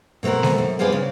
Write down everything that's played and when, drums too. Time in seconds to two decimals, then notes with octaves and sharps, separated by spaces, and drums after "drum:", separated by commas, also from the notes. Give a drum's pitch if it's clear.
0.23 B2 A3 C4 F#4 A#4
0.43 drum: snare G#3
0.58 F#2
0.79 B3 C4 F4 G#4 D5 G#5
0.92 C#3